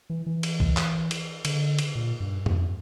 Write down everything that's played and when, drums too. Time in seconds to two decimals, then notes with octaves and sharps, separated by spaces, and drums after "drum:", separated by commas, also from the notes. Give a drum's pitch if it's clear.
0.10 E3
0.26 E3
0.43 drum: cymbal
0.60 drum: kick C2
0.77 drum: clap
1.11 drum: cymbal
1.45 D3, drum: cymbal
1.79 drum: cymbal
1.95 A#2
2.20 G2
2.46 F2, drum: tom G2